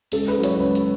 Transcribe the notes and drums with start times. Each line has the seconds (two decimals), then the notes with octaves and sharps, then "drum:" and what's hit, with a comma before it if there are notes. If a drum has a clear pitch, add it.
0.12 C#2 A4, drum: open hi-hat
0.28 B4
0.36 C#3 F#3
0.44 C#5, drum: hi-hat
0.59 C#2 B4
0.75 drum: hi-hat